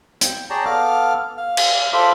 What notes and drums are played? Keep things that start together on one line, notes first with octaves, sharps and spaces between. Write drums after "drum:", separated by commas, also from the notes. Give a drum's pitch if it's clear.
G5, drum: hi-hat
G#4 C#5 D5 G5 A5 A#5
B3 A4 F5 D6 F6
F5
drum: cymbal
F4 A4 C5 B5 D6